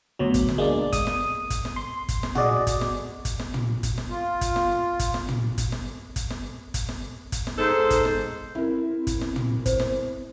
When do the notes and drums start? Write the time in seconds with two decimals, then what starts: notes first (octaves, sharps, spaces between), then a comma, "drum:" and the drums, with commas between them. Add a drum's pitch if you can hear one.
0.19 D2 B2 F#3
0.34 drum: kick, hi-hat
0.49 drum: snare
0.58 G#3 A#3 D4 D5
0.93 D#6, drum: kick, hi-hat
1.07 drum: snare
1.50 drum: kick, hi-hat
1.65 drum: snare
1.76 C6
2.09 drum: kick, hi-hat
2.23 drum: snare
2.35 F#4 G#4 D5 D#5, drum: tom
2.67 drum: kick, hi-hat
2.81 drum: snare
3.25 drum: kick, hi-hat
3.39 drum: snare
3.54 drum: tom
3.83 drum: kick, hi-hat
3.98 drum: snare
4.10 F4
4.41 drum: kick, hi-hat
4.56 drum: snare
4.99 drum: kick, hi-hat
5.14 drum: snare
5.29 drum: tom
5.58 drum: kick, hi-hat
5.72 drum: snare
6.16 drum: kick, hi-hat
6.30 drum: snare
6.74 drum: kick, hi-hat
6.89 drum: snare
7.32 drum: kick, hi-hat
7.47 drum: snare
7.57 G#2 D#4 A4 C5
7.90 drum: kick, hi-hat
8.05 drum: snare
8.55 C4 E4 A#4
9.07 drum: kick, hi-hat
9.21 drum: snare
9.36 drum: tom
9.66 C5, drum: kick, hi-hat
9.80 drum: snare